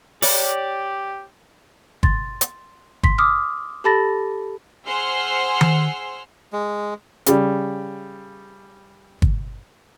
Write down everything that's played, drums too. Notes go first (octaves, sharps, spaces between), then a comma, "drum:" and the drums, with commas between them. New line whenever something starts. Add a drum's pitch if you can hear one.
G4 C#5 D5, drum: open hi-hat
C6 A6, drum: kick
drum: hi-hat
C6 B6, drum: kick
D6 D#6 F6
G4 A4 A5 B5 A6 A#6
G#4 C5 F#5 C6 E6 F6
drum: tom D#3
G#3
C#3 G3, drum: hi-hat
drum: kick